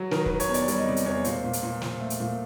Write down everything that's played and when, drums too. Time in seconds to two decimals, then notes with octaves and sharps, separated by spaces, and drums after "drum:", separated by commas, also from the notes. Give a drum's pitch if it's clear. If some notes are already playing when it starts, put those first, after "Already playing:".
Already playing: F#3
0.11 D#3 A#4, drum: snare
0.26 B4, drum: kick
0.30 D#3
0.40 C#5, drum: hi-hat
0.49 E2
0.54 D5, drum: hi-hat
0.68 G3 C#5, drum: hi-hat
0.78 D#5
0.87 C3 D5
0.97 drum: hi-hat
1.06 E2 C#5
1.24 A#2 C5, drum: hi-hat
1.44 A#2
1.53 drum: hi-hat
1.63 A#2
1.82 F3, drum: snare
2.00 A3
2.10 drum: hi-hat
2.20 A#2